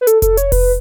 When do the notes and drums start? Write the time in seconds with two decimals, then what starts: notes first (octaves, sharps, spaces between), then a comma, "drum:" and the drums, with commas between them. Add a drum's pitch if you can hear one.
0.01 B4
0.07 A4, drum: hi-hat
0.22 A4, drum: kick F1, hi-hat
0.37 C#5, drum: hi-hat
0.52 B4, drum: kick F1, open hi-hat